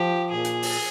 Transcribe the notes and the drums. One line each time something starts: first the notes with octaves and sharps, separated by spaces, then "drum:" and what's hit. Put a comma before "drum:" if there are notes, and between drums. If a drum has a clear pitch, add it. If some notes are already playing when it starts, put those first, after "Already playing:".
Already playing: F3 G4
A#2 G#4
drum: hi-hat
drum: open hi-hat